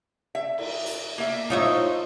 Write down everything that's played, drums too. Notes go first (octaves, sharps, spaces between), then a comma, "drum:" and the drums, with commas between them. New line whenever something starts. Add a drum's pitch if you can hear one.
E5
drum: cymbal
drum: hi-hat
A#3 E5
A2 D#4 F4 C5 C#5 E5